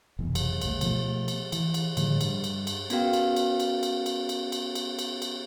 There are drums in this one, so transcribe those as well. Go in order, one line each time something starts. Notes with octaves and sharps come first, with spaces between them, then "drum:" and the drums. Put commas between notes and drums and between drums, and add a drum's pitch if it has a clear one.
F1 B1 E2
drum: cymbal
G1 D2, drum: cymbal
B2 F3 A3, drum: cymbal
drum: cymbal
E3, drum: cymbal
drum: cymbal
A2 D3 F3 G3, drum: cymbal
G2, drum: cymbal
drum: cymbal
drum: cymbal
B3 C#4 F#4 A#4 F5 G5, drum: cymbal
drum: cymbal
drum: cymbal
drum: cymbal
drum: cymbal
drum: cymbal
drum: cymbal
drum: cymbal
drum: cymbal
drum: cymbal
drum: cymbal